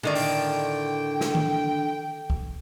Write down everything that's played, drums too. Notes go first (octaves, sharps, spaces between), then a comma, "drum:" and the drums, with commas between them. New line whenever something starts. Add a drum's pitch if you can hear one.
A2 D3 D#3 D5
G5, drum: open hi-hat
drum: snare
drum: tom D#3
drum: kick